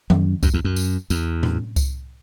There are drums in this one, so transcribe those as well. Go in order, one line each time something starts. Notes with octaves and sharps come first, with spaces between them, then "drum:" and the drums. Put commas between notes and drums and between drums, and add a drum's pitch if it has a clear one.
F#2, drum: tom D#3
F#2, drum: kick C2, tambourine
E2
F#2
drum: tambourine
E2, drum: tambourine
drum: tom A2
drum: kick C2, tambourine